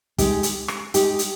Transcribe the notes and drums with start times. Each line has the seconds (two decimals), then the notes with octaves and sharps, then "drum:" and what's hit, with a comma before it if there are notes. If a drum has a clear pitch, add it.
0.18 G#3 D#4 G4, drum: kick, hi-hat
0.43 drum: hi-hat
0.68 drum: rim click
0.94 G#3 D#4 G4, drum: hi-hat
1.19 drum: hi-hat